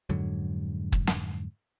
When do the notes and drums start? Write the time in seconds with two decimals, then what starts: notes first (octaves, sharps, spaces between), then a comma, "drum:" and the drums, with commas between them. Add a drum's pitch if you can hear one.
0.09 F2 G#2 D3 F#3
0.92 drum: kick
1.07 drum: snare